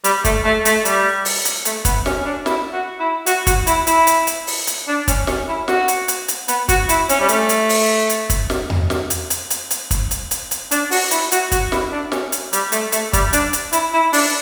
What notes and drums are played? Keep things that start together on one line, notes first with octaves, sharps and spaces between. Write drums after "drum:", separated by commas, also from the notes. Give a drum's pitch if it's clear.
G3, drum: hi-hat
A3, drum: kick, hi-hat
A3
A3, drum: hi-hat
G3, drum: hi-hat
drum: open hi-hat
drum: hi-hat
A3, drum: hi-hat
B3, drum: kick, hi-hat
C#4, drum: snare
C#4
D4
E4, drum: snare
F#4
E4
F#4, drum: hi-hat
F#4, drum: kick, hi-hat
E4, drum: hi-hat
E4, drum: hi-hat
drum: hi-hat
drum: hi-hat
drum: open hi-hat
drum: hi-hat
D4
C#4, drum: kick, hi-hat
C#4, drum: snare
E4
F#4, drum: snare
drum: hi-hat
drum: hi-hat
drum: hi-hat
B3, drum: hi-hat
F#4, drum: kick, hi-hat
E4, drum: hi-hat
C#4, drum: hi-hat
G3
A3, drum: hi-hat
drum: hi-hat
drum: open hi-hat
drum: hi-hat
drum: kick, hi-hat
drum: snare
drum: tom E2
drum: snare
drum: hi-hat
drum: hi-hat
drum: hi-hat
drum: hi-hat
drum: kick, hi-hat
drum: hi-hat
drum: hi-hat
drum: hi-hat
D4, drum: hi-hat
F#4, drum: open hi-hat
E4, drum: hi-hat
F#4, drum: hi-hat
F#4, drum: kick, hi-hat
E4, drum: snare
D4
C#4, drum: snare
drum: hi-hat
G3, drum: hi-hat
A3, drum: hi-hat
A3, drum: hi-hat
G3, drum: kick, hi-hat
D4, drum: hi-hat
drum: hi-hat
E4, drum: hi-hat
E4
D4, drum: open hi-hat